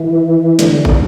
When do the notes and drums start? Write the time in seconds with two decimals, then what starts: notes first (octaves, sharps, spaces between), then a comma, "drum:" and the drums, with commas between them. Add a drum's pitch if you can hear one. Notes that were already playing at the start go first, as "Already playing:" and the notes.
Already playing: E3
0.59 D3, drum: snare
0.85 drum: kick